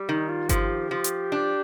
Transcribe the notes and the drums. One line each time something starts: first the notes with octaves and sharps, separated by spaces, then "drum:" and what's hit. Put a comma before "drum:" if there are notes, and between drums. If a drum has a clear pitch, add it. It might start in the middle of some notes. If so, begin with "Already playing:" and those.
Already playing: G3
D#3 D#4
F4
F3 G4 A4, drum: kick G1, hi-hat
F3
drum: hi-hat
D4